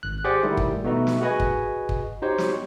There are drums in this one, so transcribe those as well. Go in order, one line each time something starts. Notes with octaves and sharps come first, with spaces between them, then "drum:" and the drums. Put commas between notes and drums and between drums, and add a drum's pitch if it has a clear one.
G#1 F#6
G4 G#4 C5 D5 F#5 G5
D#3 G3 A3 E4
drum: kick
B2 A3 B3 D#4 F#4
drum: snare
F#4 G#4 B4 D#5 G#5
drum: kick
drum: kick
D#4 F#4 G4 C5 C#5
drum: snare